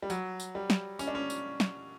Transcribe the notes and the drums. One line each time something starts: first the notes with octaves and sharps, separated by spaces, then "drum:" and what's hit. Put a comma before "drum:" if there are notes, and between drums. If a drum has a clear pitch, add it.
G3
F#3, drum: tambourine
drum: tambourine
G3
drum: snare
C#4, drum: tambourine
D4
C#4
drum: tambourine
drum: snare